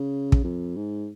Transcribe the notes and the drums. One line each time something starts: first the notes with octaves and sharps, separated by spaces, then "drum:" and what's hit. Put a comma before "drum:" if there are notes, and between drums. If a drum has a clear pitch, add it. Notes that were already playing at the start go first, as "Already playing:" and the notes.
Already playing: C#3
drum: kick
F2
G#2